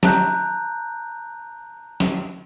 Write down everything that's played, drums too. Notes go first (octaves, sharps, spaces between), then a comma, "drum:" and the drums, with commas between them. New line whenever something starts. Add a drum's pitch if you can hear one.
A5 A#5 F#6 G6, drum: snare
drum: snare